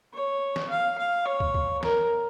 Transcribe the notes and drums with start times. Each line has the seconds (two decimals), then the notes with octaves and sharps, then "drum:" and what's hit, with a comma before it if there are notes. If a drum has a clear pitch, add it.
0.14 C#5
0.56 drum: snare
0.70 F5
0.98 F5
1.26 C#5
1.40 drum: kick
1.54 drum: kick
1.83 A#4, drum: snare